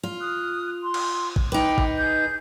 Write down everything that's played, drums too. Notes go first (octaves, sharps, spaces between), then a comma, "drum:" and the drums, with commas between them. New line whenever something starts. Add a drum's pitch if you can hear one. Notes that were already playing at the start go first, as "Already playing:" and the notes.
F4
D#6 F6 F#6
C6
drum: cymbal
drum: kick
D#4 B4 G5 D6
drum: kick
G#4 G6